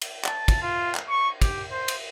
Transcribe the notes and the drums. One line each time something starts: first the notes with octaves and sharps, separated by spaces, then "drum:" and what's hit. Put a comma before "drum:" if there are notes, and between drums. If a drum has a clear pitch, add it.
drum: cymbal
A5, drum: clap
drum: kick, cymbal
F4
drum: clap
C#6
G4, drum: kick, cymbal
C5
drum: cymbal